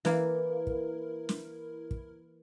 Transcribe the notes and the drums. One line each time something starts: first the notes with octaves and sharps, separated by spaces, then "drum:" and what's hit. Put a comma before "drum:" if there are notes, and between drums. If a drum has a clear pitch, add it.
E3 A#3 E4 A#4, drum: snare
drum: kick
drum: snare
drum: kick